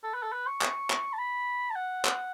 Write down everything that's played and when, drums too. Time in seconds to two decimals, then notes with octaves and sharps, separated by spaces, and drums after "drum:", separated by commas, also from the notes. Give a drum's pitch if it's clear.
0.04 A4
0.14 B4
0.23 A4
0.32 B4
0.47 C#6
0.61 drum: clap
0.90 drum: clap
1.13 A5
1.19 B5
1.71 A5
1.76 F#5
2.05 drum: clap